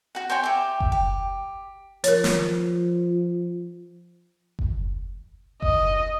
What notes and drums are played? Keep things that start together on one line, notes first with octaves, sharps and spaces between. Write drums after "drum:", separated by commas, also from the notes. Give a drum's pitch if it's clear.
F#4 F#5
C5 C#5 G5 G#5
G4 E5
drum: kick F#1
G4
F3 A#4 C#5, drum: hi-hat
drum: snare
drum: kick F#1
D#5, drum: kick F#1